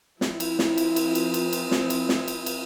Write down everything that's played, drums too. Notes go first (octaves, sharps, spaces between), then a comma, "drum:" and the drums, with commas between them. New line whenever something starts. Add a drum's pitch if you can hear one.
F3 C4 E4, drum: snare
drum: cymbal
drum: snare
drum: cymbal
drum: cymbal
drum: cymbal
drum: cymbal
drum: cymbal
E4, drum: snare
drum: cymbal
drum: snare
drum: cymbal
drum: cymbal